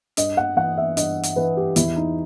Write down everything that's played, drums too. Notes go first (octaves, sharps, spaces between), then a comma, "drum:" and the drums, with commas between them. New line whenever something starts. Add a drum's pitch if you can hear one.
G2 D#5, drum: hi-hat
F#5
E3 F#5
E5
G2 D#5, drum: hi-hat
drum: hi-hat
E3 B4
G4
E2 E4, drum: hi-hat
D#4